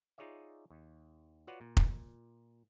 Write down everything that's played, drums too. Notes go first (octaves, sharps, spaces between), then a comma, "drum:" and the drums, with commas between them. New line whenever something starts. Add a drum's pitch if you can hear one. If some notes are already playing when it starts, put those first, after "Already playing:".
D#4 F4 G#4 C#5 D5 E5
D#2
F4 F#4 B4 C#5 D5 F#5
A#2
drum: kick F1